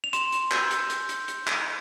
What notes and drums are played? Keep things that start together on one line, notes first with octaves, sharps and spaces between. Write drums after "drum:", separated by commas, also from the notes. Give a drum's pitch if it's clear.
F7
C6 E7, drum: hi-hat
drum: hi-hat
E6 G6, drum: clap
drum: hi-hat
drum: hi-hat
drum: hi-hat
drum: hi-hat
drum: clap